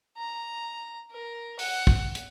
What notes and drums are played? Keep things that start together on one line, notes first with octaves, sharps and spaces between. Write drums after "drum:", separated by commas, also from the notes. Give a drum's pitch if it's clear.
A#5
A#4
F#5, drum: open hi-hat
drum: kick
drum: hi-hat